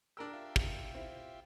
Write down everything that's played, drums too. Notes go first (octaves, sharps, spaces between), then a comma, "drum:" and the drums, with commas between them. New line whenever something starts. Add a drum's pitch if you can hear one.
D4 G4 A#4 E6
F4 G4 E5
drum: kick
C4 E4